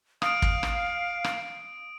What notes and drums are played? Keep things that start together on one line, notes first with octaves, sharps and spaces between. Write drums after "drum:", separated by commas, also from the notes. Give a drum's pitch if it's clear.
F5 D#6 D7, drum: rim click
drum: kick
drum: rim click
drum: rim click